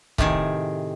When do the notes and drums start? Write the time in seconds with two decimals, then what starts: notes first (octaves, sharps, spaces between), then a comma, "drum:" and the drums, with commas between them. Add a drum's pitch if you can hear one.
0.18 A2 C3 D#3 G#4, drum: kick